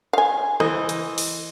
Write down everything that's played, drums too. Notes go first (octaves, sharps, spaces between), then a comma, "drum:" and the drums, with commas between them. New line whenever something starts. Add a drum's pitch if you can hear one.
F5 G#5
E3 C5 D#5, drum: rim click
drum: hi-hat
drum: open hi-hat